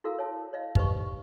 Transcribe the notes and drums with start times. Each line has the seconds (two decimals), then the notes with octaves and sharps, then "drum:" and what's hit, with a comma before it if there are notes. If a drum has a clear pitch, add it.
0.04 E4 F#4 A4 A#4 F5
0.19 C#5 A5
0.53 C#5 D#5 F5
0.75 D#4 G4 B4 C5 D#5 C#6, drum: kick